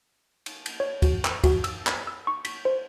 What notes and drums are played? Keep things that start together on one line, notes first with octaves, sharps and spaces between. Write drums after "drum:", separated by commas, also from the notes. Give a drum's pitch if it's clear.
drum: cymbal
drum: cymbal
C#5
F#4, drum: kick, cymbal
drum: clap
F#4, drum: kick, cymbal
E6, drum: cymbal
B5, drum: clap
E6
C#6
B6, drum: cymbal
C5